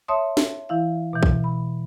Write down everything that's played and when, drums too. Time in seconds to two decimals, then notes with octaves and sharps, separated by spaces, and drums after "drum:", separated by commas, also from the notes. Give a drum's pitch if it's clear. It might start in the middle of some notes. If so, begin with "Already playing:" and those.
0.08 C#5 E5 A5 C6 D#6
0.37 drum: snare
0.69 E3 E4 F5
1.13 B2 E3
1.23 drum: kick
1.44 B5